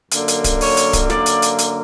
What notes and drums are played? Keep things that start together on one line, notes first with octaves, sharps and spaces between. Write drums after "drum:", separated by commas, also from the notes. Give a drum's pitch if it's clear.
F#2 D3 A#3, drum: hi-hat
drum: hi-hat
drum: kick D1, hi-hat
C#5, drum: open hi-hat
drum: hi-hat
drum: kick D1, hi-hat
D5, drum: snare
drum: hi-hat
drum: hi-hat
drum: hi-hat